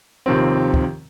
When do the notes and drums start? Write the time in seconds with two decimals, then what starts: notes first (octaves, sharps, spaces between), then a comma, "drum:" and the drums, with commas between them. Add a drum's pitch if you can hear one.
0.26 D#2 C3 D#3 F3 C4
0.74 drum: kick